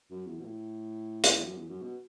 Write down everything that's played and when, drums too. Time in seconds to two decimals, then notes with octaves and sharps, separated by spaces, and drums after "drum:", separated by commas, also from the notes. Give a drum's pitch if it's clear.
0.11 F#2
0.27 E2
0.40 B2
0.43 A2
1.24 drum: hi-hat
1.37 E2
1.43 F#2
1.57 E2
1.69 F#2
1.82 B2